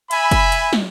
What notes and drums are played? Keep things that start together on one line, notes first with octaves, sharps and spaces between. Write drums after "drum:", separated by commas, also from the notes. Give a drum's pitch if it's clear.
E5 G#5 B5, drum: cymbal
drum: kick, cymbal
drum: cymbal
drum: snare